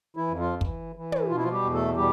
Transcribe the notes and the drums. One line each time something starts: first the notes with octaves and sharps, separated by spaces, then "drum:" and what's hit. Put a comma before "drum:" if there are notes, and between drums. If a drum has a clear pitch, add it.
E3 E4
F2
F3 F4
E3, drum: kick
E3
drum: tom
B2 F4
E4
F3 F4
G3 G4
E2
A3 A4
B2 G3 G4